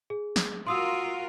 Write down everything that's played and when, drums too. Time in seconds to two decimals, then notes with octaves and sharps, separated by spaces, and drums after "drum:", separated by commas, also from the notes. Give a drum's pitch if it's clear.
0.10 G#4
0.36 drum: snare
0.67 F4 F#4 A#4 C6 D#6 E6